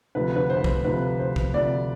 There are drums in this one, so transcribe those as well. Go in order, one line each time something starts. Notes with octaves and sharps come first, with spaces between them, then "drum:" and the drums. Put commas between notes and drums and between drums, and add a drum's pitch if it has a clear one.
D2 C3 F3 B4
B4
C5
B4
C5, drum: kick
D2 C3 F3 B4
C5
drum: kick
D2 C3 F3 D5